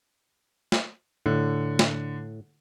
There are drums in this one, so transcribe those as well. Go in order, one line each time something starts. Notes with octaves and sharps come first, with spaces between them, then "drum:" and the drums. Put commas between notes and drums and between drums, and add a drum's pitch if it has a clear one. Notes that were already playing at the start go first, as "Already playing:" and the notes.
drum: snare
A2 D3
drum: snare